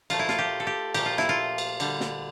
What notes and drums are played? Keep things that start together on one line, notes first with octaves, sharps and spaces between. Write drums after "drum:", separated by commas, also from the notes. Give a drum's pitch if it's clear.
A#2 F3 A3 F4, drum: cymbal
E4
F4, drum: snare
G4
A4
G4
A#2 F3 A3 G4, drum: cymbal
F4
E4, drum: snare
F4
drum: cymbal
D3 G3, drum: cymbal
drum: snare